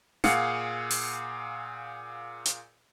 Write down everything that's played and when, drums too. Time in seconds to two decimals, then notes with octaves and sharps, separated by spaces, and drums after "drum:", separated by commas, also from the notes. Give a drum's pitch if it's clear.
0.24 A#2 G#4 F5 F#5 C#7, drum: snare
0.91 drum: open hi-hat
2.46 drum: hi-hat